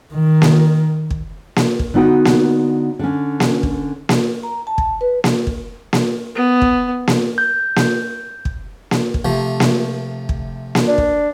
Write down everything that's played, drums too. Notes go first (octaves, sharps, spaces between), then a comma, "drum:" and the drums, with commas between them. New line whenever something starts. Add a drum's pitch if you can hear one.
D#3
drum: snare A#3
drum: kick
drum: snare A#3
drum: kick
D3 B3 D#4 F#4 G5
drum: snare A#3
D3 C#4
drum: snare A#3
drum: kick
drum: snare A#3
A#5
A5
drum: kick
B4
drum: snare A#3
drum: kick
drum: snare A#3
B3
drum: kick
drum: snare A#3
G6
drum: snare A#3
drum: kick
drum: snare A#3
drum: kick
C3 F3 A3
drum: snare A#3
drum: kick
drum: snare A#3
D4
drum: kick